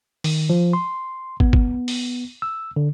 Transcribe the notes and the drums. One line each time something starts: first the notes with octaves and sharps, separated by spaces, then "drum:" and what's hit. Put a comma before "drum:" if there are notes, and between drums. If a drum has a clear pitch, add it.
D#3, drum: open hi-hat
F3
C6
B3, drum: kick
drum: kick
drum: open hi-hat
E6
D3